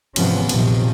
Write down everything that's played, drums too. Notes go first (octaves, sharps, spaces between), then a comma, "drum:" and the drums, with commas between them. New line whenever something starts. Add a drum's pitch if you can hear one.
E2 G#2 C3 F3 B3 C#4, drum: cymbal
A#1 F#2 C3 D#3 F3, drum: cymbal